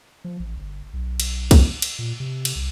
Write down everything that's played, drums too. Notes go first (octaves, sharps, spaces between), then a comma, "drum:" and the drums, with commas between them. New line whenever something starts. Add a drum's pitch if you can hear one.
F3
A1
G1
B1
drum: cymbal
drum: kick, cymbal
drum: cymbal
A#2
C3
drum: cymbal
C2